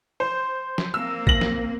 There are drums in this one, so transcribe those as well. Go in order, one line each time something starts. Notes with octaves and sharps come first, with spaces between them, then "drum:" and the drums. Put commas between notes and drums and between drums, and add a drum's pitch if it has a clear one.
C5
drum: snare
A#3 C4 E6
A#6 F#7, drum: kick A#1
drum: snare